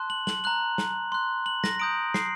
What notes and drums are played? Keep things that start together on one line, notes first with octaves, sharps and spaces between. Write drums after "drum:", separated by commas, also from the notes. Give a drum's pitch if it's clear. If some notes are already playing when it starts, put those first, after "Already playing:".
Already playing: A5 C6 F#6
F#7
F#7, drum: snare
A#5 F#6 F#7
drum: snare
C6 F#6
F#7
A#6, drum: snare
A#5 D#6 G6 D7
C7, drum: snare